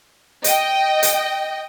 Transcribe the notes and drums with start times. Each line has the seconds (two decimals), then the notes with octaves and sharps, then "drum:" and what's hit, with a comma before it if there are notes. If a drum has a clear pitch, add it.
0.44 D#5 G5, drum: hi-hat
1.03 drum: hi-hat